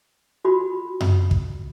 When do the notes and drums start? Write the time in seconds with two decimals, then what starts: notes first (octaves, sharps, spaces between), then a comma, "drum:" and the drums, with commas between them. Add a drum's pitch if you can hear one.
0.45 F4 F#4 B5
1.00 drum: tom F#2
1.31 drum: kick